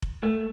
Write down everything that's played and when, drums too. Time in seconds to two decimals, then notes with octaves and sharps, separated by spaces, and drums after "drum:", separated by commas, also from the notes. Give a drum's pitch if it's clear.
0.02 drum: kick F1
0.23 A3